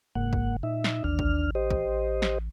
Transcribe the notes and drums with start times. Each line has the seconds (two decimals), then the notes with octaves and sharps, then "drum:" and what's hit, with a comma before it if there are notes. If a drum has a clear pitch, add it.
0.15 F#1 G#2 A#3 F#5
0.33 drum: kick
0.63 A#2 D#4 E5
0.84 drum: snare
1.04 A1 D#2 D4 F6
1.19 drum: kick
1.55 G4 C5 D#5
1.71 drum: kick
2.22 drum: snare